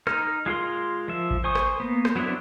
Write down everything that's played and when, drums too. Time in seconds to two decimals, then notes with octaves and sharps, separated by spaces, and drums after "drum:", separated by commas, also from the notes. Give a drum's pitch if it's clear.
0.07 D#4 F6, drum: rim click
0.46 G#3 F4 A#4 C6
1.08 F3 E5
1.31 drum: kick G#1
1.44 C5 G#5 C#6 D#6
1.55 drum: rim click
1.80 A#3 B3
2.05 drum: rim click
2.15 F#3 B3 C4 D4 E4